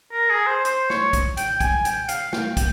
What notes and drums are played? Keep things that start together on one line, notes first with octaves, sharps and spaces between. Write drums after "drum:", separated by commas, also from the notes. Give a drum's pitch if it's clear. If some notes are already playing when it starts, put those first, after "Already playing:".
A#4
G#4
C5
C5, drum: hi-hat
C#5, drum: snare
drum: kick, hi-hat
G5, drum: hi-hat
G#5, drum: kick, hi-hat
G5, drum: hi-hat
F5, drum: hi-hat
G5, drum: snare
G5, drum: kick, hi-hat